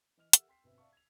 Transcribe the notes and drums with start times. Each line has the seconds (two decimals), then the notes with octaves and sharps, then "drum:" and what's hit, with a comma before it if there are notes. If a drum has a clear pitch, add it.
0.17 E3 D#5 F6 F7
0.33 G4 A4 A#4 E5 F#5 E6, drum: hi-hat
0.48 G5 C6 B6 C7
0.64 G1 B2 C4 B4 E5
0.78 D5 E5 F5 A5 C#6
0.93 G#6 F7